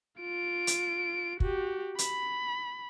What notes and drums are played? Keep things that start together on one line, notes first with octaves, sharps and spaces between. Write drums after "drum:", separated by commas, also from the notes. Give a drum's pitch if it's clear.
F4 D7
drum: hi-hat
F#4 G4, drum: kick
B5, drum: hi-hat